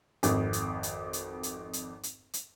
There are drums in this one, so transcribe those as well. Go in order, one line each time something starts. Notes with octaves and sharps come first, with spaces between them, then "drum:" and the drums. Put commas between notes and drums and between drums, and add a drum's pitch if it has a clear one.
G#1 F2, drum: hi-hat
drum: hi-hat
drum: hi-hat
drum: hi-hat
drum: hi-hat
drum: hi-hat
drum: hi-hat
drum: hi-hat